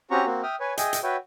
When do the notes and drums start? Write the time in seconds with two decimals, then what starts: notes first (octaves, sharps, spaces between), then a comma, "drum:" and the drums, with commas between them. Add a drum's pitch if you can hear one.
0.11 C4 C#4 F#4 G4 A#5 C#6
0.26 A#3 C4 F#4
0.43 E5 G5 D#6 F6
0.60 B4 C#5 G#5
0.78 G#4 D#5 E5 G5 G#5, drum: hi-hat
0.93 drum: hi-hat
1.03 F#4 B4 C#5 E5 G5